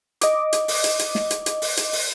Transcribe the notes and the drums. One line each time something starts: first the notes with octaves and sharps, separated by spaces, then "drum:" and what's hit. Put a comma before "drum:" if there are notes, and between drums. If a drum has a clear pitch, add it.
D#5 D6, drum: hi-hat
drum: hi-hat
drum: open hi-hat
drum: hi-hat
drum: hi-hat
drum: snare
drum: hi-hat
drum: hi-hat
drum: open hi-hat
drum: hi-hat
drum: open hi-hat